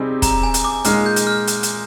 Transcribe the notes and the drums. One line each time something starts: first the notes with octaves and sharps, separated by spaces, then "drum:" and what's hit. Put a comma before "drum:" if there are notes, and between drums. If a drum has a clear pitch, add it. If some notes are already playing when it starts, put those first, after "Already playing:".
Already playing: C3 G3 C4 D#4 G#4
A#5, drum: kick, hi-hat
G#5
drum: hi-hat
D6
A#2 G#3 D#4 G#4 F6, drum: hi-hat
G6
drum: hi-hat
F6
drum: hi-hat
drum: hi-hat